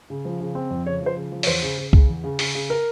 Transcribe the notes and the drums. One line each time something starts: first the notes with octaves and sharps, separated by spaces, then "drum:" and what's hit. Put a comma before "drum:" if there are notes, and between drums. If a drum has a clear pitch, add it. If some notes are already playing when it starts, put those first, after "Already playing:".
C#3
F3
C#3
C4
F2
C#3 C#5
F3 C5
C#3
F3
C#5, drum: open hi-hat
E2 C5
C#3
C#3
C#3, drum: kick C2
E2
C#3
C#3, drum: open hi-hat
C#3
A#4